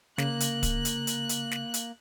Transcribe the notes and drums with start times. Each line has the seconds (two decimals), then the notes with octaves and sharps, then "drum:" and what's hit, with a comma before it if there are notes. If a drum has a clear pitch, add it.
0.18 C#3 A#3 F#6, drum: snare
0.40 drum: hi-hat
0.63 drum: kick, hi-hat
0.85 drum: hi-hat
1.07 drum: hi-hat
1.29 drum: hi-hat
1.51 drum: snare
1.74 drum: hi-hat